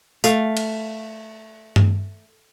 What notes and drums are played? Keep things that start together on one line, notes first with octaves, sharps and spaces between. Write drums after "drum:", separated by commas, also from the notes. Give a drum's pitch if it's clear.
A3 F5, drum: tambourine
drum: cymbal
drum: tom G2